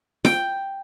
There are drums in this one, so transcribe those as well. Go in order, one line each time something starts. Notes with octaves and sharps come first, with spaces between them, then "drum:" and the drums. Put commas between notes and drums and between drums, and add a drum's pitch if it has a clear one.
G5, drum: snare